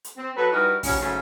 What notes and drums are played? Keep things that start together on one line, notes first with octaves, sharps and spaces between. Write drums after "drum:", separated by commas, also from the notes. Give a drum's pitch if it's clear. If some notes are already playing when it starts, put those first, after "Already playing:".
drum: hi-hat
C4
F#3 F#4 A4 B4
E3 G3 D#4 F#4 A#4 B4
D#2 C#3 F3 F#3 C#4, drum: kick, open hi-hat
G#2 C#3 F#3 A3 C#4